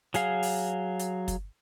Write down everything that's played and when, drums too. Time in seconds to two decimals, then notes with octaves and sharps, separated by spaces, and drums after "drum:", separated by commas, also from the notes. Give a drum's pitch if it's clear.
0.14 F#3 G#4 F5, drum: hi-hat
0.43 drum: open hi-hat
0.99 drum: hi-hat
1.28 drum: kick, hi-hat